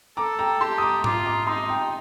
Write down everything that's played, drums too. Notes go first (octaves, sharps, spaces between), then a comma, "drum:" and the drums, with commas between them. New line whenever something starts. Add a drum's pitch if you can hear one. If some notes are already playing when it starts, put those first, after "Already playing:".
A4 A#5 D6
G5 A#5
G4 A5 C6
D#6
A#5 D6
F4 A#5 D6, drum: tom G#2
A#5 D6
D#4 C6 D#6
G5 A#5